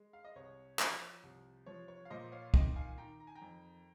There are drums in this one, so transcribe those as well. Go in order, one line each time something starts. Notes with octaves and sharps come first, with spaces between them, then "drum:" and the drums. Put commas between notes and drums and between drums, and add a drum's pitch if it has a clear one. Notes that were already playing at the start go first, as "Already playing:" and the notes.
Already playing: G#3
F5
D#5
C2 C#5
F3, drum: clap
C2
F3 C#5
C#5
F5
A#2 C5 D#5
C#5 F5
D#3 D#5 G5, drum: kick
F5 G#5
D#3 G5 A#5
A#5
G#5
G5 A#5
F2